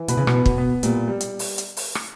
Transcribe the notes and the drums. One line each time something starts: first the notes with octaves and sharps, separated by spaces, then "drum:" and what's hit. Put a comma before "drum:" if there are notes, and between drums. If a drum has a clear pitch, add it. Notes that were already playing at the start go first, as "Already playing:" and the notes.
Already playing: E3
B2 B4, drum: hi-hat
C#3
B2, drum: rim click
B3
B2, drum: kick
B3
A#2 G3, drum: hi-hat
G3
drum: hi-hat
drum: open hi-hat
drum: hi-hat
drum: open hi-hat
drum: rim click